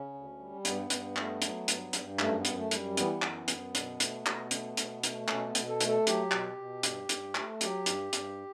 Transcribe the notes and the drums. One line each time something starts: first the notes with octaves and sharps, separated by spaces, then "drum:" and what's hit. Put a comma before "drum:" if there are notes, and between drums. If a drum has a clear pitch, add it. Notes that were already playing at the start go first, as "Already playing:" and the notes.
Already playing: C#3 C#4
D2
G3
G2 B3, drum: hi-hat
G2, drum: hi-hat
A3, drum: clap
F#3, drum: hi-hat
G2, drum: hi-hat
G2, drum: hi-hat
F#2 A3, drum: clap
B3
F#2, drum: hi-hat
A3
G3, drum: hi-hat
E3 B3, drum: hi-hat
F#2, drum: clap
F#2, drum: hi-hat
B2, drum: hi-hat
A3, drum: hi-hat
B2, drum: clap
A3, drum: hi-hat
B2, drum: hi-hat
A3, drum: hi-hat
B2 C#4, drum: clap
B3
B2, drum: hi-hat
A4
A3, drum: hi-hat
A4
F#3 G4, drum: hi-hat
B2, drum: clap
B2
G2, drum: hi-hat
G2, drum: hi-hat
A3, drum: clap
F#3 G4, drum: hi-hat
G2, drum: hi-hat
G2, drum: hi-hat